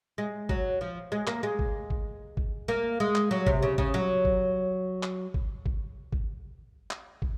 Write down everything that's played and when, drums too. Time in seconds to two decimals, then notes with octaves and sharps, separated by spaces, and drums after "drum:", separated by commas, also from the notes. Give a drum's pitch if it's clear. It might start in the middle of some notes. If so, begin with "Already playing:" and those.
0.18 G#3
0.49 F#3, drum: kick
0.81 F3
1.12 G#3
1.27 A#3, drum: clap
1.43 G#3
1.59 drum: kick
1.90 drum: kick
2.37 drum: kick
2.68 A#3
3.00 G#3
3.15 drum: clap
3.31 F#3
3.46 C3, drum: kick
3.63 C#3
3.78 C#3, drum: kick
3.94 F#3
4.25 drum: kick
5.03 drum: clap
5.34 drum: kick
5.66 drum: kick
6.12 drum: kick
6.91 drum: clap
7.22 drum: kick